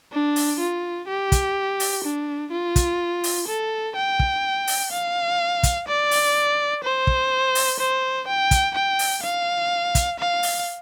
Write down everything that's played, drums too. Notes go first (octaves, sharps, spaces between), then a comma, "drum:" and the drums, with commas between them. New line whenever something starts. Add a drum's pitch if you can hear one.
D4
drum: open hi-hat
F4
G4
drum: kick, hi-hat
drum: open hi-hat
D4
F4
drum: kick, hi-hat
drum: open hi-hat
A4
G5
drum: kick
drum: open hi-hat
F5
drum: kick, hi-hat
D5
drum: open hi-hat
C5
drum: kick
drum: open hi-hat
C5
G5
drum: kick, hi-hat
G5
drum: open hi-hat
F5
drum: kick, hi-hat
F5
drum: open hi-hat